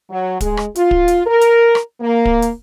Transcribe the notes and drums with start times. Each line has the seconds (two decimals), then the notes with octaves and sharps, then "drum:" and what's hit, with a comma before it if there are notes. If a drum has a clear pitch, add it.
0.10 F#3
0.40 G#3, drum: kick, hi-hat
0.57 drum: rim click
0.75 F4, drum: hi-hat
0.91 drum: kick
1.08 drum: hi-hat
1.26 A#4
1.41 drum: hi-hat
1.75 drum: rim click
2.00 A#3
2.25 drum: kick
2.42 drum: hi-hat